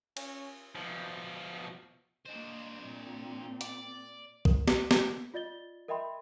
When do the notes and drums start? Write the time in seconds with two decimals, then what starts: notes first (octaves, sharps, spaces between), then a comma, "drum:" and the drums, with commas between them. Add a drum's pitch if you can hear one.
0.17 C#4, drum: cymbal
0.75 B2 F3
2.26 A#3 D4 C5 D#5
2.83 A#2 C4
3.61 D5, drum: hi-hat
4.45 A#4, drum: kick
4.68 drum: snare
4.91 drum: snare
5.34 F4 D5 D#5 A6 G7
5.88 A#4 D#5 E5 G5 B5 C6